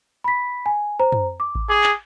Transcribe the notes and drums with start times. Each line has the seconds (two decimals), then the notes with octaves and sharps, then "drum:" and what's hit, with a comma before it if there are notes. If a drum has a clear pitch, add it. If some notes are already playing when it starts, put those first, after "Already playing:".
0.24 B5 B6
0.66 G#5
1.00 C5 A#5
1.12 drum: tom
1.40 D6
1.55 drum: kick A1
1.69 G#4 D6
1.84 drum: clap